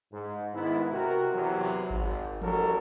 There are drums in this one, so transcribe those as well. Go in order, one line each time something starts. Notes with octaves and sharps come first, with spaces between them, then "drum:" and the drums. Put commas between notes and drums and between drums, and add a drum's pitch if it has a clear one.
G#2
G#2 D#3 B3 E4
C3 F#4 A#4
E2 C3 E3 F#3
drum: cymbal
G#1, drum: kick G#1
A1 F#3 G3 C#4 A4 A#4, drum: tom E3